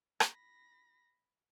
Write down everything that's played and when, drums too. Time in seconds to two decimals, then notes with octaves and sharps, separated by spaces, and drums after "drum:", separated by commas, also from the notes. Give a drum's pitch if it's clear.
0.20 B5 A#6, drum: rim click